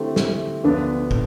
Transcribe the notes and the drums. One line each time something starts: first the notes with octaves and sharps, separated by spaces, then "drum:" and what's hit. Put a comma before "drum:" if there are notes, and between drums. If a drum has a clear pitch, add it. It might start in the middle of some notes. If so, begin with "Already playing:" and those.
Already playing: D3 A3 C4 E4 G4
drum: snare
D2 D3 F3 B3 D4
drum: kick